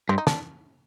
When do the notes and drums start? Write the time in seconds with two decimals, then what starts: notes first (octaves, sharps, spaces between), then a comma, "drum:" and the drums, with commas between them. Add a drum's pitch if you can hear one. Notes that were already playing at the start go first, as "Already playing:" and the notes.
0.09 G2 C4
0.18 D#4
0.27 D4, drum: snare